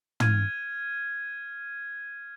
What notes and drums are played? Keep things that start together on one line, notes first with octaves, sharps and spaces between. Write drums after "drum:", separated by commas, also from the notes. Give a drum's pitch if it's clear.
F6 G#6 D#7, drum: tom